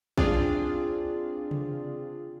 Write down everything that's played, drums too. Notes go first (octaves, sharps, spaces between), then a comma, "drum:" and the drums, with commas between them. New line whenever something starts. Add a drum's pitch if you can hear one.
C4 D4 F4 G#4 D5, drum: kick
drum: tom C3